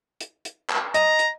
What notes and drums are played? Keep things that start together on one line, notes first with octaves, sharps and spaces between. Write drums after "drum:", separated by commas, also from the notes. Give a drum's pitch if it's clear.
drum: hi-hat
drum: hi-hat
drum: clap
D#5 A#5, drum: hi-hat
drum: hi-hat